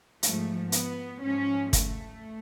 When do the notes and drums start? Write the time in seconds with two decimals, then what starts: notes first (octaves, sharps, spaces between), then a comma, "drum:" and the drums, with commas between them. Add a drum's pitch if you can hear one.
0.23 G#2 F3 A3, drum: hi-hat
0.72 B3, drum: hi-hat
1.23 G#2 F3 C#4
1.73 A3, drum: kick, hi-hat